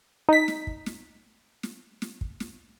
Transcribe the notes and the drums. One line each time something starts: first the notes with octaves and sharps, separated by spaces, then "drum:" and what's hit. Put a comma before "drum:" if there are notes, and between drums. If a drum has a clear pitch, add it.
D#4 B6
drum: snare
drum: kick
drum: snare
drum: snare
drum: snare
drum: kick
drum: snare